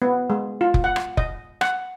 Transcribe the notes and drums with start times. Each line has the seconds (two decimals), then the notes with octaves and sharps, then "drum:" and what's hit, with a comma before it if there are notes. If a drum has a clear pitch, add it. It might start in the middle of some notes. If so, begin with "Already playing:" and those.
0.02 B3
0.30 G#3
0.61 F4
0.74 drum: kick F1
0.84 F#5
0.96 drum: rim click
1.17 D#5, drum: kick F1
1.61 F#5, drum: rim click